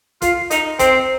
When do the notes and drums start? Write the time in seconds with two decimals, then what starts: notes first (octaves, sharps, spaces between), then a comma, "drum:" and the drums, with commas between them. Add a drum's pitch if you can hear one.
0.22 F4, drum: kick, hi-hat
0.51 D#4, drum: hi-hat
0.79 C4, drum: kick, hi-hat